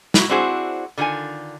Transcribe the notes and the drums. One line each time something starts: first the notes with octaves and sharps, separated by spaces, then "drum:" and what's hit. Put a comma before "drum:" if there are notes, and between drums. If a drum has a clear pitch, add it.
A#3 E4 F#4, drum: snare
C4 D4 E4 F#4 G#4 C5
D3 D#3 F4 A4 G#5